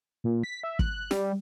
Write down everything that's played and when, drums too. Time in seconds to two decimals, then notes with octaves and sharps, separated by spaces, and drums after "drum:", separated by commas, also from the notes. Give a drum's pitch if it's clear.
0.24 A#2
0.44 B6
0.64 E5
0.79 F#6, drum: kick
1.11 G3, drum: snare